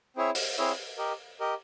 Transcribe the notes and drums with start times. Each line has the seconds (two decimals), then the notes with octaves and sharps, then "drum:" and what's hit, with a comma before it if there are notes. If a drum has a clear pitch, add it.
0.16 C4 E4 G#4 C#5 E5
0.35 drum: open hi-hat
0.58 C4 E4 G#4 C#5 E5
0.98 G4 A#4 D#5
1.40 G4 A#4 D#5